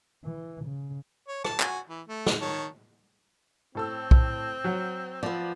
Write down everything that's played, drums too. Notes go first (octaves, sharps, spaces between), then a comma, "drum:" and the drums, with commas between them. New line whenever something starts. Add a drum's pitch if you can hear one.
E3
C#3
C#5
A5, drum: rim click
F#4 G#5, drum: clap
E3
A3
drum: snare
D#3 C#5 A5
A2 C4 A4 E6
drum: kick B1
F#3 F#5
F3 B3 D5